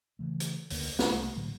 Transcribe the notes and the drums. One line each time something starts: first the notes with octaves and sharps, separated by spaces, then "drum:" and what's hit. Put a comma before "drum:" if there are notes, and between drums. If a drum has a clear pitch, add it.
C#3 E3 A3
drum: hi-hat
F#1 D2 D3 A#3, drum: open hi-hat
C2 A3, drum: snare
A2 D3 F#3 A#3